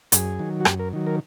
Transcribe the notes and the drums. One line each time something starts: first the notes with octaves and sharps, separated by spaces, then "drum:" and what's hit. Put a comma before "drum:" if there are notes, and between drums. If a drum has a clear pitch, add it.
F#2 G#4, drum: hi-hat
D#3 F#3
F#4
F#2 G4, drum: rim click
A#4
D#3 F#3
A#4